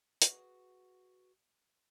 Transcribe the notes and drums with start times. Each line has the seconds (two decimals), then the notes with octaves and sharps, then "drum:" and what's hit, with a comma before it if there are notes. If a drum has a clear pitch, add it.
0.22 F#4 G#4 B4 F#5, drum: hi-hat